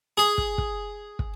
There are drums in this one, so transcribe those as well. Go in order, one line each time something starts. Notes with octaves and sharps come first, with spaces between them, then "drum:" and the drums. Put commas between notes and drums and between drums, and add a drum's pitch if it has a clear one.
G#4
drum: kick
drum: kick
drum: kick